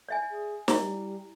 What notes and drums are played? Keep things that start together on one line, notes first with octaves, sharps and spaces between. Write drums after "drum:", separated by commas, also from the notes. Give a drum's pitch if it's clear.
D5 E5 G#5
G#4
E4 C#5, drum: snare
G3